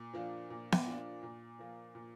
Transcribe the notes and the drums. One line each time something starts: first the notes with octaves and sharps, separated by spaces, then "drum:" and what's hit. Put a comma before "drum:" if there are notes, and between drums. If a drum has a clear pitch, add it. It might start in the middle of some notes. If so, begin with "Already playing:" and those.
Already playing: A#2
F3 A#3 D4 F4
A#2
drum: snare B3
F3 A#3 D4 F4
A#2
F3 A#3
A#2